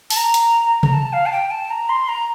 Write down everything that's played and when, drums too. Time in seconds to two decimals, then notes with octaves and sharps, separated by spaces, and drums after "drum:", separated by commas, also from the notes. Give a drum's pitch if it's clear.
0.10 A5, drum: open hi-hat
0.17 A#5
0.34 drum: hi-hat
0.83 A#5, drum: tom C3
0.93 A5
1.13 F5
1.26 A5
1.32 G5
1.51 A5
1.70 A#5
1.89 C6
2.08 A#5